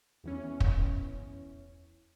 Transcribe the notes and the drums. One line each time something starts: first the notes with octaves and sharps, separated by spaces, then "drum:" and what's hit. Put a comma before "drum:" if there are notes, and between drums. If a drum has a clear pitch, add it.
E2 E3 C#4
drum: kick